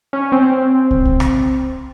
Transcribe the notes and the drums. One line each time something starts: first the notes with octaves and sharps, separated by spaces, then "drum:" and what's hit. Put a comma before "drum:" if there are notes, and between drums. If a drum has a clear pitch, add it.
C#4
C4
drum: kick
drum: kick
drum: rim click